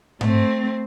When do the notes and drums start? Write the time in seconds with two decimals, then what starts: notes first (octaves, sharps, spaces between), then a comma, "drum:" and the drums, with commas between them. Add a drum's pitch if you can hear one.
0.21 A3 C4, drum: tom G#2